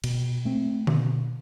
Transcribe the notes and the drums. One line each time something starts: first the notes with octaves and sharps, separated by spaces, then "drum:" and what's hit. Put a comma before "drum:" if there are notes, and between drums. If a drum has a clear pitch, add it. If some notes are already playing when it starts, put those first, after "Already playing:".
B2, drum: cymbal
A3 C4
B2, drum: tom D3